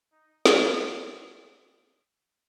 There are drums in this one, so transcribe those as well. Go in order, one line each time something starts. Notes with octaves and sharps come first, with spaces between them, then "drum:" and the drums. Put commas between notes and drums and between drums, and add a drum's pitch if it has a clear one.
D#4
drum: snare
E4